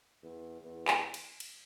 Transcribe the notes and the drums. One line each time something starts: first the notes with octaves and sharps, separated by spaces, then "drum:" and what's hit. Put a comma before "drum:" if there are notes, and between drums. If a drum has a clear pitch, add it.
E2
E2
drum: clap
drum: cymbal
drum: cymbal